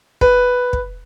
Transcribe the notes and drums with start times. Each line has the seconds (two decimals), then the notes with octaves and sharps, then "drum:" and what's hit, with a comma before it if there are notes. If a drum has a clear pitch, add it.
0.21 B4, drum: kick
0.73 drum: kick